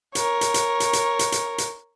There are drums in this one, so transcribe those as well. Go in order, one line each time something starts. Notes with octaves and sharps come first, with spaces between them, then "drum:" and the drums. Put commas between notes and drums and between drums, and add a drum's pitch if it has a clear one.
A#4 C#5, drum: hi-hat
drum: hi-hat
drum: hi-hat
drum: hi-hat
drum: hi-hat
drum: hi-hat
drum: hi-hat
drum: hi-hat